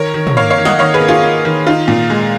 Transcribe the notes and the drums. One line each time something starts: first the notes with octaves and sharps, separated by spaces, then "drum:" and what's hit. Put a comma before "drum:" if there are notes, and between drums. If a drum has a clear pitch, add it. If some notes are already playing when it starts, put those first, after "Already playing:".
Already playing: D#3 A#4 C#5
D#3
drum: tom
A#3 C#5 F5
C#5 F5
D#3
D#5 F#5, drum: snare
D#3 C#5 F5
G#4 B4
A#3
F4 G#4
A#3
D#3
D#4 F4
A#2
G#3